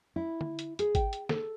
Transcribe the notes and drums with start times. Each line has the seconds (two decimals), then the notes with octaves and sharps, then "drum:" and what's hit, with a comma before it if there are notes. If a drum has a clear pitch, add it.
0.16 E4
0.41 drum: tom
0.59 drum: hi-hat
0.79 G#4, drum: hi-hat
0.95 G5, drum: kick G#1, hi-hat
1.13 drum: hi-hat
1.29 A4, drum: snare